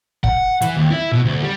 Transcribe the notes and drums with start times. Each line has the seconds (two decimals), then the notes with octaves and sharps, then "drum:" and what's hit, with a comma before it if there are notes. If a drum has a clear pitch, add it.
0.24 F#5, drum: kick
0.62 E3, drum: hi-hat
0.77 D#2
0.90 E4
1.12 B2
1.25 D2
1.43 G3